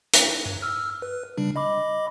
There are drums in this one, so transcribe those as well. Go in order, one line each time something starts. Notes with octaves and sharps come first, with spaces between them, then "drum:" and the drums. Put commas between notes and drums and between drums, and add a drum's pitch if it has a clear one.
drum: hi-hat
G2
E6 F6
B4
C#3 G3 D4
D#5 B5 D6